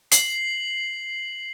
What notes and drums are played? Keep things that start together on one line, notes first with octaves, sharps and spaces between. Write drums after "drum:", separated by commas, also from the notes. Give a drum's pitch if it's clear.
C7 F#7, drum: hi-hat